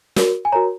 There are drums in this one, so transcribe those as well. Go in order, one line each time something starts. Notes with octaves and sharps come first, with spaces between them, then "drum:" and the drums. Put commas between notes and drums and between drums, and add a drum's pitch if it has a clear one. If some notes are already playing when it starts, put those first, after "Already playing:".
F#4 A#4 C#5, drum: snare
G#5
F#4 A#4 C#5 A#5